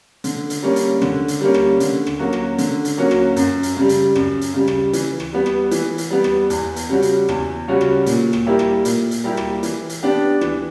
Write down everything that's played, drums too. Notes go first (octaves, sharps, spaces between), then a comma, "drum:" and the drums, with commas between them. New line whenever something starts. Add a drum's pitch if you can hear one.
D3, drum: hi-hat
drum: hi-hat
G3 A#3 C#4
drum: hi-hat
D3, drum: rim click
drum: hi-hat
G3 A#3 C#4
drum: rim click
D3, drum: hi-hat
drum: rim click
F#3 A#3 C#4 F#4
drum: rim click
D3, drum: hi-hat
drum: hi-hat
F#3 A#3 C#4 F#4
drum: rim click
F#2, drum: hi-hat
drum: hi-hat
C#3 G3
drum: hi-hat
F#2, drum: rim click
drum: hi-hat
C#3 G3
drum: rim click
E3, drum: hi-hat
drum: rim click
G3 B3
drum: rim click
E3, drum: hi-hat
drum: hi-hat
G3 B3
drum: rim click
E2, drum: hi-hat
drum: hi-hat
C#3 G3 C#4 F#4
drum: hi-hat
E2, drum: rim click
C#3 G3 C#4 F#4
drum: rim click
A#2, drum: hi-hat
drum: rim click
G3 A#3 E4 G4
drum: rim click
A#2, drum: hi-hat
drum: hi-hat
G3 A#3 E4 G4
drum: rim click
E3, drum: hi-hat
drum: hi-hat
B3 D4 G4
E3, drum: rim click